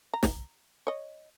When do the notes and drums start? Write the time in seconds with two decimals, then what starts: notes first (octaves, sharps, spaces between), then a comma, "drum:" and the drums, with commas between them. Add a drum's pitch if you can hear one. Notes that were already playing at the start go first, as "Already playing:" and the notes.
0.13 A#5
0.23 drum: snare
0.87 C#5 D#5